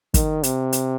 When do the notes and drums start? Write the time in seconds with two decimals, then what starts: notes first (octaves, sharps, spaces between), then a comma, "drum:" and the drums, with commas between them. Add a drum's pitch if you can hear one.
0.14 D#3, drum: kick, hi-hat
0.43 C3, drum: hi-hat
0.73 drum: hi-hat